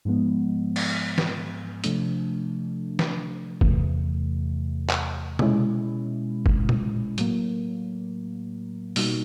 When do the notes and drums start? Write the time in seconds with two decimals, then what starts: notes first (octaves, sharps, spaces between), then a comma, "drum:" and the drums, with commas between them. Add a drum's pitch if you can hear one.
0.05 G#2 F3 G#3 B3
0.76 drum: cymbal
1.18 drum: snare
1.84 C3 F3 A3 D4, drum: hi-hat
2.99 drum: snare
3.61 E2 C3 E3 A3, drum: kick
4.89 drum: clap
5.39 B2 G#3 C#4 E4, drum: tom C3
6.46 drum: kick
6.69 drum: tom
7.18 A2 F#3 A#3, drum: hi-hat
8.96 B2 G3 A#3 D#4 F#4, drum: open hi-hat